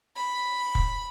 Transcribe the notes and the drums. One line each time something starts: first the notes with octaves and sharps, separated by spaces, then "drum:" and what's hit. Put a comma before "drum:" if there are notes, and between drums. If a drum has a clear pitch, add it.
B5
drum: kick